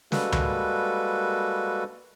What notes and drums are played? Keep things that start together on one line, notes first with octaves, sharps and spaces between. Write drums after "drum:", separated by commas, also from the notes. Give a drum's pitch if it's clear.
G3 G#3 A#3 F#4 A4 B4, drum: snare
drum: tom C#2